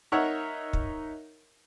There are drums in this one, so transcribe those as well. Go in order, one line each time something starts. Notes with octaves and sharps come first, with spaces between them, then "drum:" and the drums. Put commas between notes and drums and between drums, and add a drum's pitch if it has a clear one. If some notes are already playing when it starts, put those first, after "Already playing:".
D#4 A#4 C#5 E5 F#5
drum: kick